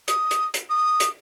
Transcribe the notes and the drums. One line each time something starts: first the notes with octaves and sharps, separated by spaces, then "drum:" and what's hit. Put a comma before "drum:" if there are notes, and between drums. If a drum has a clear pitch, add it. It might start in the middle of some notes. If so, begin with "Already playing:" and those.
D#6, drum: hi-hat
drum: hi-hat
drum: hi-hat
D#6
drum: hi-hat